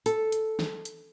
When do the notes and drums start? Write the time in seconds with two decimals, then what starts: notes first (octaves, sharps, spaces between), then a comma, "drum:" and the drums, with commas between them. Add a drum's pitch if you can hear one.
0.06 A4, drum: hi-hat
0.32 drum: hi-hat
0.59 drum: snare
0.85 drum: hi-hat